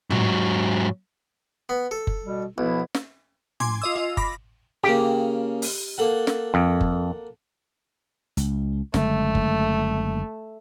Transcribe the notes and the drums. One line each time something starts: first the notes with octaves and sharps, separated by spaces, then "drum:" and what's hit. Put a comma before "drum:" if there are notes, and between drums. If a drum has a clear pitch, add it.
G#2 F#3, drum: tom
B3
A4
drum: kick F#1
B2 G3
B1 F3 B3 E4
drum: snare
G#5 C6 D6 G#6, drum: tom
F4 D#5 E6
F4 D#5
B5 D6 A#6, drum: kick F#1
C#3 A#3 G4
drum: open hi-hat
A#3 A4 F#5
drum: snare
F2
drum: kick F#1
C#2, drum: hi-hat
F#1 D3 G#3 A3, drum: snare
drum: kick F#1